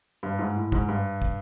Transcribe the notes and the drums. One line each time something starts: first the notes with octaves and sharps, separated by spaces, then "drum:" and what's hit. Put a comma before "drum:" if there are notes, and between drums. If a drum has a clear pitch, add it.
G2
G#2
A2
G#2, drum: kick
G2
drum: kick